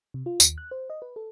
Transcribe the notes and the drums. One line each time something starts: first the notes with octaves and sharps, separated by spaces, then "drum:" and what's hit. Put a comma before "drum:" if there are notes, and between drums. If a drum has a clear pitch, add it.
C3
F4
D#2, drum: tambourine
F#6
C5
D#5
B4
A4